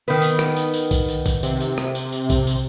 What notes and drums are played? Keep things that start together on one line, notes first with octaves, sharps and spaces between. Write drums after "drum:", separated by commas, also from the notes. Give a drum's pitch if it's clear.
D#3 B3
drum: tambourine
drum: rim click
drum: tambourine
drum: tambourine
drum: kick A#1, tambourine
drum: tambourine
drum: kick A#1, tambourine
C3, drum: tambourine
drum: tambourine
drum: rim click
drum: tambourine
drum: tambourine
drum: kick A#1, tambourine
drum: tambourine